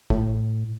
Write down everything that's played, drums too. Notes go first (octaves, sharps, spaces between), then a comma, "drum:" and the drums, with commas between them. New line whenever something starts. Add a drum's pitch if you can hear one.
A2, drum: kick